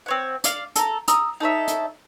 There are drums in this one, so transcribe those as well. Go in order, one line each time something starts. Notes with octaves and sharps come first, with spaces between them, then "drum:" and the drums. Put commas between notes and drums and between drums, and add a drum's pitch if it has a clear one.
C4 C#5 F#5
D5 F5, drum: hi-hat
A4 A#5, drum: hi-hat
A#5 D#6 E6, drum: hi-hat
D#4 A4 C#5 E5
drum: hi-hat